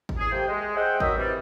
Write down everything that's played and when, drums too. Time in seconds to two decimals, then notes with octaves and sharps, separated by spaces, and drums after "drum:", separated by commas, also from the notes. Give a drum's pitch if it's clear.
0.09 drum: kick A1
0.18 E2 G#4
0.32 A3 A#3 G4 C5 G5
0.48 G#3
0.76 G#4 C5 D#5 E5 F#5 G5
1.00 D#4 F#4 A#4 C#5 D#5 E5, drum: kick A1
1.18 C3 E3 G3